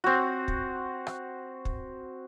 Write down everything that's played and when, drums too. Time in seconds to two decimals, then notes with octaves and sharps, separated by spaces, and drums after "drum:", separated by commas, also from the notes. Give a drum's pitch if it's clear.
0.04 C4 F#4
0.48 drum: kick
1.07 drum: rim click
1.65 drum: kick